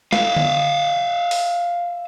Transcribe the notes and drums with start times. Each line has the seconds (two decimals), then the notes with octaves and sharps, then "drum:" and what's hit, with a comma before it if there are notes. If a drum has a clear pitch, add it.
0.12 E5 F5, drum: snare
0.36 drum: tom D3
1.31 drum: open hi-hat